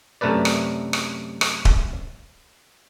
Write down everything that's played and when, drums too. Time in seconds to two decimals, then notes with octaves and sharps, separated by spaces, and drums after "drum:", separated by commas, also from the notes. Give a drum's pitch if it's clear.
0.21 F#2 C3 A3 A#4 B4 D5
0.45 drum: rim click
0.93 drum: rim click
1.41 drum: rim click
1.65 drum: kick D#1